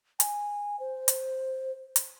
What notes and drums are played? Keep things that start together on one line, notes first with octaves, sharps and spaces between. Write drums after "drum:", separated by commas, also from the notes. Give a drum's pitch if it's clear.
G#5, drum: hi-hat
C5
drum: hi-hat
drum: hi-hat